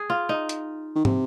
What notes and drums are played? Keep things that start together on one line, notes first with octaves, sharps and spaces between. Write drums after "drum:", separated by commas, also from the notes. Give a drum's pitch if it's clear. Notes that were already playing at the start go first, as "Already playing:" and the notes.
Already playing: G#4
F4
D#4
drum: hi-hat
D#3
C3, drum: tom